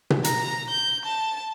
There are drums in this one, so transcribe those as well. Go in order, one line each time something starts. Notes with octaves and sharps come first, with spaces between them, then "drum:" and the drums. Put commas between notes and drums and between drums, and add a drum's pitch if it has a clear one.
drum: tom B2
A#5, drum: hi-hat
G6
A5